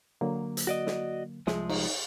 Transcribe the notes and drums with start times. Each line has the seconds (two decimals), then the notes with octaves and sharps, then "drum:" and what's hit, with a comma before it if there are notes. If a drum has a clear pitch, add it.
0.21 D3 F#3 A#3
0.57 drum: hi-hat
0.67 F#4 D5 D#5
0.87 drum: snare
1.47 C2 F3 G#3 G#4 E5, drum: snare
1.69 D#4, drum: cymbal